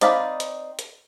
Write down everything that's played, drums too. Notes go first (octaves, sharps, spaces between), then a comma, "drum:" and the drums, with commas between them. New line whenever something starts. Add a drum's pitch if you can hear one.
C4 D#4 D5 F5 B5, drum: hi-hat
drum: hi-hat
drum: hi-hat